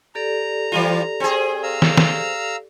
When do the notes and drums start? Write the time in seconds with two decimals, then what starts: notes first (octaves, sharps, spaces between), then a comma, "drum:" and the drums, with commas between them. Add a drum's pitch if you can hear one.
0.15 G4 A4 D5 A#5
0.72 E3 G3 F4
1.20 C4 G#4
1.63 F5 A#5 E6
1.82 drum: snare
1.97 drum: snare